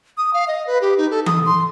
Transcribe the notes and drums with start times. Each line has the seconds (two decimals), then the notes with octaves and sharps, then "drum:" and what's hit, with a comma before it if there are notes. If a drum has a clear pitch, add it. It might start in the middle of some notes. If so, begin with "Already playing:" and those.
0.18 D#6
0.34 F5
0.48 D#5
0.67 B4
0.81 G4
0.98 D#4
1.10 A4
1.26 D#6, drum: tom E3
1.46 C6